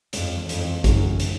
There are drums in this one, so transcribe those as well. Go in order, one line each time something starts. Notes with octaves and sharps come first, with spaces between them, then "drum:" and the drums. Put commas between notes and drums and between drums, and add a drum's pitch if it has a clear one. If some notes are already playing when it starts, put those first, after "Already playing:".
F2 G#3, drum: hi-hat
E3
F2, drum: hi-hat
E3
F#2 G#3, drum: kick, hi-hat
C#2
drum: hi-hat